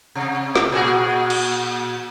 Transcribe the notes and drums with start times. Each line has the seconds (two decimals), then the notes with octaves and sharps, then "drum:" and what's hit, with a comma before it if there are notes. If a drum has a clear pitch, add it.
0.15 C3
0.56 drum: snare
0.72 A#2 F#4 G#4
1.30 drum: cymbal